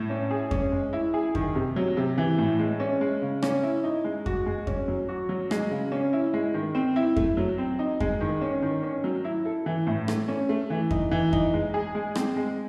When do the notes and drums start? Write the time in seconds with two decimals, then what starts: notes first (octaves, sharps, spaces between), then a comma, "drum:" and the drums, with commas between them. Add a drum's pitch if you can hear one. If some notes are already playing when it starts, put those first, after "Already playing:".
Already playing: A2
0.10 C#4
0.31 G#4
0.51 C#4, drum: kick F2
0.72 G#3
0.93 E4
1.14 G#4
1.35 D#3, drum: kick F2
1.55 C3
1.76 F#3
1.97 C3
2.18 E3
2.38 A2
2.59 G#3
2.80 C#4
3.01 G#3
3.22 C#3
3.42 C#4, drum: rim click
3.63 E4
3.84 D#4
4.04 G#3
4.26 F#4, drum: kick F2
4.46 G#3
4.67 C#4, drum: kick F2
4.88 F#3
5.09 F#4
5.29 F#3
5.51 G#3, drum: rim click
5.71 C#3
5.92 C#4
6.13 E4
6.34 G#3
6.54 D#3
6.75 C4
6.96 E4
7.16 A3, drum: kick F2
7.37 F#3
7.58 C4
7.79 D#4
8.00 G#3, drum: kick F2
8.21 D#3
8.41 C#4
8.62 D#3
8.83 C#4
9.04 F#3
9.25 E4
9.46 A4
9.66 E3
9.87 A2
10.08 A3, drum: rim click
10.28 C#4
10.49 A3
10.70 E3
10.91 D#4, drum: kick F2
11.11 E3
11.33 D#4, drum: kick F2
11.53 G#3
11.74 G#4
11.95 G#3
12.15 C4, drum: rim click
12.36 G#3